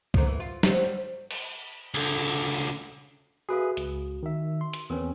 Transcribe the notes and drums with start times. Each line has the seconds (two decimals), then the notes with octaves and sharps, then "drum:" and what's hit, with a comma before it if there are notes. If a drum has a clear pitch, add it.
0.14 D3 D#3 F3, drum: kick
0.26 E3
0.40 F4
0.63 F#3 G3 C4, drum: snare
0.84 G3
1.31 drum: cymbal
1.94 C#2 D3
3.49 F#4 G#4 A4 B4 E5 F5
3.77 C#2, drum: hi-hat
4.23 D#3 E5
4.61 C6
4.73 drum: hi-hat
4.90 E2 C4 C#4 A#4 B4 C#5